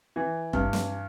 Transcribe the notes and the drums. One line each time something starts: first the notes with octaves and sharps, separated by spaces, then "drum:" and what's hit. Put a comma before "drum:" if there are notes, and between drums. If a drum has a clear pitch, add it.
E3
G2, drum: kick F1
drum: snare